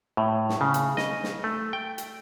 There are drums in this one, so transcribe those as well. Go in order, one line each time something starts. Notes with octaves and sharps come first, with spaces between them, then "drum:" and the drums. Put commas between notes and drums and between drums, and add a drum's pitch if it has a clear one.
A2
drum: snare
C#3
drum: hi-hat
D#5, drum: snare
drum: snare
A3
G5
drum: hi-hat